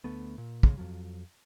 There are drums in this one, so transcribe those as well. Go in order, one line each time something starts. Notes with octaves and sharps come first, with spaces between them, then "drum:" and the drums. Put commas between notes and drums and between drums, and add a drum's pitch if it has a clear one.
D2 A3 B3
A#2
C#3 G#3, drum: kick
F2 F3 F#3